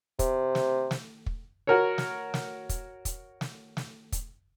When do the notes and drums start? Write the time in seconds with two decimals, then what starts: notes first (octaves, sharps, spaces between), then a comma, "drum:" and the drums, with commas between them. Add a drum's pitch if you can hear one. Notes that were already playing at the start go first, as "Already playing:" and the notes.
0.19 C3, drum: kick, hi-hat
0.55 drum: snare
0.91 drum: snare
1.26 drum: kick
1.67 F#4 A#4 C#5
1.98 drum: snare
2.34 drum: snare
2.69 drum: kick, hi-hat
3.05 drum: kick, hi-hat
3.41 drum: snare
3.77 drum: snare
4.12 drum: kick, hi-hat